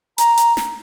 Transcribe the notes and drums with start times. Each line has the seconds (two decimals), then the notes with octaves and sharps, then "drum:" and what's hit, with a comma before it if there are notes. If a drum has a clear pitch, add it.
0.18 A#5, drum: hi-hat
0.37 drum: hi-hat
0.57 drum: snare